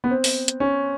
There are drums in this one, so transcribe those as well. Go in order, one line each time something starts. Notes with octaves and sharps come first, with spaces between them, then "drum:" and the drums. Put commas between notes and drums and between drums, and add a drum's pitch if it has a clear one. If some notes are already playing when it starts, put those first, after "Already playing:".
B3
C4
drum: open hi-hat
drum: hi-hat
C#4